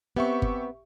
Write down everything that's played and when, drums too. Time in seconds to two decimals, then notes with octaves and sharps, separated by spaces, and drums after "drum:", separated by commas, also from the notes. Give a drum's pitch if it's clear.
0.16 B3 C4 G4 E5 C#6
0.42 drum: kick G1